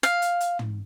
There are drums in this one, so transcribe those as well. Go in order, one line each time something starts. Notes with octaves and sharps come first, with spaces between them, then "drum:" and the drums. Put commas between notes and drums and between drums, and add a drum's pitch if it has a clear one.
F5, drum: hi-hat
drum: hi-hat
drum: hi-hat
drum: tom